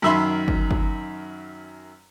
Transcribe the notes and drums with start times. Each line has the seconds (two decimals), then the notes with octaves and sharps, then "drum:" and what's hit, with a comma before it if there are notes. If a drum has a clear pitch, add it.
0.02 F#2 D#3 E5 B5 C6
0.48 drum: kick
0.71 drum: kick